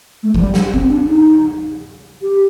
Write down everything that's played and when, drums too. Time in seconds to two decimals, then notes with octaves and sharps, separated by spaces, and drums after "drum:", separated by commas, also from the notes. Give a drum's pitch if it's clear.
0.23 A3
0.34 F3, drum: kick
0.40 G3
0.54 drum: snare
0.74 C4, drum: kick
0.90 D4
1.06 D#4
2.22 G4